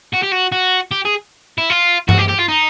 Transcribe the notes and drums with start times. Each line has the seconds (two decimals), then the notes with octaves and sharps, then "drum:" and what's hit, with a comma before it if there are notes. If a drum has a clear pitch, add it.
0.13 F#4
0.22 G4
0.32 F#4
0.52 F#4
0.91 G4
1.05 G#4
1.58 E4
1.70 F4
2.09 F#4, drum: tom G2
2.19 G4
2.29 G4
2.39 F4
2.49 D#4